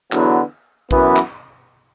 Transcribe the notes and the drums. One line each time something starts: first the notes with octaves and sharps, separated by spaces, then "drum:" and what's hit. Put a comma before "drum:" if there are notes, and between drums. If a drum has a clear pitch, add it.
E2 D3 F#3 B3, drum: clap
F#2 E3 B3, drum: kick
drum: clap